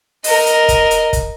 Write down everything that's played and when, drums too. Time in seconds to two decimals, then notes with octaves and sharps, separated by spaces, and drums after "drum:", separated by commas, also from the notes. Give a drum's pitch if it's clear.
0.24 A#4 D#5, drum: open hi-hat
0.46 drum: hi-hat
0.69 drum: kick, hi-hat
0.91 drum: hi-hat
1.13 drum: kick, hi-hat